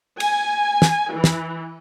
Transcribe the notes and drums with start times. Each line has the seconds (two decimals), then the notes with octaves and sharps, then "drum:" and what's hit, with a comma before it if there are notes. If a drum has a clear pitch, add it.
0.20 G#5, drum: cymbal
0.82 drum: snare
1.13 E3
1.24 drum: snare